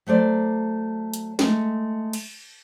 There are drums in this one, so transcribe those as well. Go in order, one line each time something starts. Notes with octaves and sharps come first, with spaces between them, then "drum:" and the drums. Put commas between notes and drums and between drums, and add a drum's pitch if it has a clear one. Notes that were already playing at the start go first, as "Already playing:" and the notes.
F#3 A3 C5 D5
drum: hi-hat
G#3 A3, drum: snare
drum: cymbal